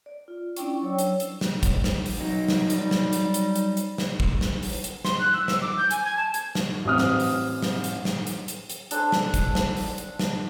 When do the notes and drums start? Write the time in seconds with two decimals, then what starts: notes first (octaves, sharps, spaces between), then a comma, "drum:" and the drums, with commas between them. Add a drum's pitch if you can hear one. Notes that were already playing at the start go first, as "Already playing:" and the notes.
0.06 D5
0.28 F4
0.56 C#4 D4 E4 D5 G5 C#6, drum: hi-hat
0.82 F#3 C#5 E6
0.99 drum: hi-hat
1.20 drum: hi-hat
1.41 drum: snare
1.63 drum: kick, hi-hat
1.84 drum: snare
2.06 drum: open hi-hat
2.19 F#3 D#4
2.48 drum: snare
2.70 G3, drum: hi-hat
2.91 drum: snare
3.13 drum: hi-hat
3.34 drum: hi-hat
3.56 drum: hi-hat
3.77 drum: hi-hat
3.98 drum: snare
4.20 drum: kick
4.41 drum: snare
4.63 drum: open hi-hat
4.84 drum: hi-hat
5.05 C6, drum: snare
5.19 F#6
5.33 E6
5.48 E6, drum: snare
5.62 D6
5.78 G6
5.91 G#5, drum: hi-hat
6.05 G#6
6.17 A5
6.34 drum: hi-hat
6.55 drum: snare
6.85 A1 C4 D#6 F6
6.98 drum: snare
7.20 drum: open hi-hat
7.62 drum: snare
7.84 drum: hi-hat
8.05 drum: snare
8.27 drum: hi-hat
8.48 drum: hi-hat
8.70 drum: hi-hat
8.91 D4 A4 C5 G#5, drum: hi-hat
9.12 drum: snare
9.34 drum: kick, hi-hat
9.55 drum: snare
9.77 drum: open hi-hat
9.98 drum: hi-hat
10.19 drum: snare